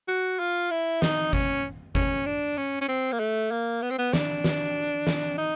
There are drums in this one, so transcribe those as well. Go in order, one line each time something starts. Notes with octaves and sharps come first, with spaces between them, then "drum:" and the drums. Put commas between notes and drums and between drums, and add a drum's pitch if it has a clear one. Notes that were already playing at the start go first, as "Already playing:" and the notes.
F#4
F4
E4
D#4, drum: snare
C#4, drum: kick G1
C#4, drum: kick G1
D4
C#4
C#4
C4
A#3
A3
A#3
B3
C4
B3
D4, drum: snare
drum: snare
drum: snare
D#4